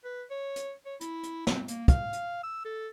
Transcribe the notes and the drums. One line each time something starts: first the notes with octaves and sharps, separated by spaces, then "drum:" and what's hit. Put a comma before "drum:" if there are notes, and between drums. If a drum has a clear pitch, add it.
B4
C#5
drum: hi-hat
C#5
E4, drum: hi-hat
drum: hi-hat
C4, drum: snare
A#3, drum: hi-hat
F5, drum: kick, hi-hat
drum: hi-hat
E6
A4